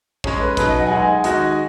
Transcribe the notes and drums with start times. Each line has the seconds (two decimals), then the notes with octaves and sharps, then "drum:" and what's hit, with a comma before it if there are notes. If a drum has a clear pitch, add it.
0.24 G#3 C#4 G#4 C#5, drum: kick
0.40 B4
0.57 B2 F#3 D#4 B4, drum: kick, hi-hat
0.69 D#5
0.80 F#5
0.87 G#5
0.91 G#3 D#4 G#4 F#5
1.02 G#5
1.24 D#3 G#3 D#4 F#4 D#5, drum: hi-hat